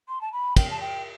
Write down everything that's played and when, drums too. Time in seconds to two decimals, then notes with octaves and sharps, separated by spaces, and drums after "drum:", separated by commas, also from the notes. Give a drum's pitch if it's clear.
0.08 C6
0.21 A5
0.32 B5
0.56 G5, drum: kick, cymbal
0.71 A5
0.80 G5